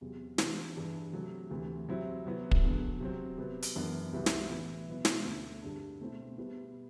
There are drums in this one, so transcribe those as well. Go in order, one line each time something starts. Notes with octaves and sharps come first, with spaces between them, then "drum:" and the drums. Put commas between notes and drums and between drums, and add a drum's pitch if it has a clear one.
E2 C3 F#3
C3 E3 B3 D4, drum: snare
G2 E3 G3 D4
C3 F#3 A3
D2 C3 E3
C3 F#3 C4 E4
C3 F#3 B3 E4
drum: kick
E2 D3 F#3
C3 F#3 C4
C3 F#3 B3
drum: hi-hat
F#2 E3 B3 D4
C2 C3 F#3 B3 E4
drum: snare
A2 E3 B3 E4
B2 F#3 B3 E4
drum: snare
D2 D3 A3 C4 E4
G2 D3 G3 D4
B2 A3 C4 E4
B2 G3 B3 E4